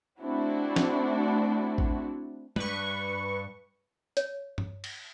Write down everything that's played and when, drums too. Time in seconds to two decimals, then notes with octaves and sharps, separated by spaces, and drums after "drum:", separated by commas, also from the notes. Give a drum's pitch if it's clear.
0.22 A3 C4 D4 E4 F#4
0.76 drum: snare
1.78 drum: kick
2.56 G2 B4 C#6, drum: tom
4.17 C#5, drum: hi-hat
4.58 drum: tom G2
4.84 drum: cymbal